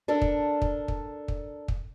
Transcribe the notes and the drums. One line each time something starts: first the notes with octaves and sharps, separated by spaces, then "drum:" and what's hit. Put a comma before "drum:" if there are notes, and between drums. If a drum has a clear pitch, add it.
D4 A4 A#4
drum: kick
drum: kick
drum: kick
drum: kick
drum: kick